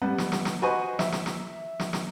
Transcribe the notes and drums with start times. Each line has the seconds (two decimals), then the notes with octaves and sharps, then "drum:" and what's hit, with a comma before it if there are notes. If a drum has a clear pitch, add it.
0.02 G3 B3
0.18 drum: snare
0.32 drum: snare
0.45 drum: snare
0.62 F#4 B4 C5 D#5 G#5 C#6
0.99 E5, drum: snare
1.12 drum: snare
1.26 drum: snare
1.80 drum: snare
1.93 drum: snare